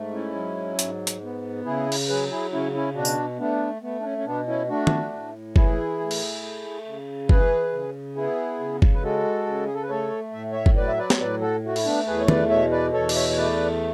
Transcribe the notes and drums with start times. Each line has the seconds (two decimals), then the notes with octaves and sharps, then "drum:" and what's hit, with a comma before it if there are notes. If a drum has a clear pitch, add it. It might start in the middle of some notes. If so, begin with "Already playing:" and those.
Already playing: G#2 A3
0.14 C#4 E4
0.35 F#3
0.79 G#2, drum: hi-hat
1.07 drum: hi-hat
1.23 B3
1.65 C#3 E4 G#4
1.92 drum: cymbal
2.09 F#3 G#4 B4
2.31 E4 G#4
2.52 C#3 C#4 E4
2.74 C#4 E4
2.95 B2 D4 F#4
3.05 drum: tambourine
3.38 A3 B3 D4
3.82 A3 B3
4.00 D4
4.04 C#4
4.18 C#4
4.26 B2 B3 D4
4.47 C#4 E4
4.69 A3 D4 F#4
4.87 drum: tom
5.13 A2
5.56 E3 E4 G#4, drum: kick F#1
6.00 A2
6.11 drum: cymbal
6.43 A3
6.86 C#3
7.29 E3 G#4 B4, drum: kick F#1
7.73 C#3
8.16 B3 E4 G#4
8.60 C#3
8.82 drum: kick F#1
8.94 B4
9.03 G#3 F#4 A4
9.47 C#3
9.66 G#4
9.75 A4
9.83 B4
9.89 A3 A4 C#5
10.33 A2 E5
10.52 C#5 E5
10.66 drum: kick F#1
10.76 F#3 B4 D5
10.88 E5
10.98 B4 D5
11.10 drum: snare
11.19 A2 B4 D5
11.41 F#4 A4
11.64 A3 F#4
11.76 E4, drum: cymbal
11.85 B3 D4
12.07 E2 G#4 B4
12.19 C#5
12.28 B4 D5, drum: tom
12.50 B2 C#5 E5
12.71 B4 D5
12.93 E2 A4 C#5
13.09 D5, drum: cymbal
13.15 C#5 E5
13.29 C#5
13.37 A3 B4 D5